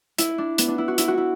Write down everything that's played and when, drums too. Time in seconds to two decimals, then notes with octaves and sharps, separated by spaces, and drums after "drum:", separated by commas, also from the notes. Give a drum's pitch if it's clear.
0.18 E4, drum: hi-hat
0.38 D4
0.58 B3, drum: hi-hat
0.68 D4
0.78 E4
0.88 F#4
0.98 E4, drum: hi-hat
1.08 F#4
1.18 E4